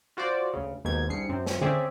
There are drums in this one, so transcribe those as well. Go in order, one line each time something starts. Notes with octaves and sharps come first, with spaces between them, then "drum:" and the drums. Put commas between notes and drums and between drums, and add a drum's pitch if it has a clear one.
F4 F#4 C5 D5
D2 C#3
D#2 G#2 B2 G#6
C2 G2 G#4 C7 C#7
F#2 C4
drum: snare
C4 C#4 G#4 D5 E5, drum: tom D3